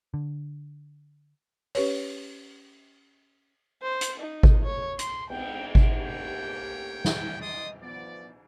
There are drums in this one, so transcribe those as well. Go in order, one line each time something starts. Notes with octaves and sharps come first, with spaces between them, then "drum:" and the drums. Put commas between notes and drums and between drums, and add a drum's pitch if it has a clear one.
D3
C#4 G4 B4 C#5, drum: open hi-hat
C5
drum: hi-hat
D#4
drum: kick G#1
C#5
C6, drum: hi-hat
G5, drum: cymbal
drum: kick G#1
A3 A#3 G4 C#5 G5
drum: snare
D5 D#5 C6 D#6
F3 B3 D5